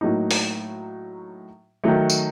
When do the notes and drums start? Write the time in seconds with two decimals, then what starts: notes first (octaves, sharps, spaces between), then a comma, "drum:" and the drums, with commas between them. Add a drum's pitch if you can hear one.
0.01 A2 F#3 A#3 D#4
0.31 drum: open hi-hat
1.84 D#3 F#3 A3
2.10 drum: tambourine